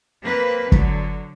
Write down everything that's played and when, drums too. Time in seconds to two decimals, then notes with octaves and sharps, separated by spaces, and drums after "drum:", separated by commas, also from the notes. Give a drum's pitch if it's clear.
0.23 A#3 C4 B4
0.72 D3 F#3, drum: kick